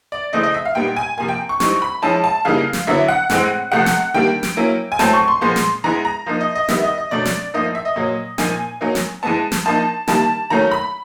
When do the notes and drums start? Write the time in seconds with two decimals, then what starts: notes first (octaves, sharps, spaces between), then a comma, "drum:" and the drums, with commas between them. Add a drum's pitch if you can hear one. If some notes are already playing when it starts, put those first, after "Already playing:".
0.12 D5
0.33 C#3 E3 A3 C4 D#5
0.43 D#5
0.54 E5
0.65 F5
0.75 A#2 G3 B3 D#4 G5
0.96 G#5
1.18 C3 F3 A#3 G#5
1.28 G5
1.49 C#6
1.60 E3 G3 C4 D#4 C#6, drum: snare
1.82 B5
2.02 F3 G#3 C#4 E4 A5
2.24 A5
2.45 C#3 E3 G3 A#3 D#4 F5
2.73 drum: snare
2.87 D3 F#3 B3 E4 E5
3.08 F#5
3.30 A2 E3 G#3 C4, drum: snare
3.72 C3 F3 A3 F#5
3.86 drum: snare
4.14 D#3 G3 A#3 D4 G5
4.43 drum: snare
4.57 F#3 A#3 C#4 E4
4.92 G#5
4.99 A2 F#3 A3 C4 A5, drum: snare
5.14 C#6
5.28 C6
5.41 A#2 F3 G#3 B3 C6
5.56 drum: snare
5.84 E3 G#3 B3 A#5
6.05 A#5
6.26 F3 A#3 D#4
6.41 D#5
6.55 D#5
6.69 D#3 G3 B3 E5, drum: snare
6.83 D#5
6.98 D#5
7.11 B2 F#3 A3 D4 D5
7.25 drum: snare
7.54 A2 F3 A#3 D#4 D#5
7.75 E5
7.85 D#5
7.96 A#2 F#3 A#3
8.38 A#2 F3 A#3 D#4 G#5, drum: snare
8.81 F#3 A#3 D#4
8.95 drum: snare
9.23 E3 G#3 B3 A5
9.52 drum: snare
9.66 F3 A#3 D#4 A5
10.08 D#3 G3 A#3 A5, drum: snare
10.50 D#3 F#3 A3 C#4 A#5
10.71 B5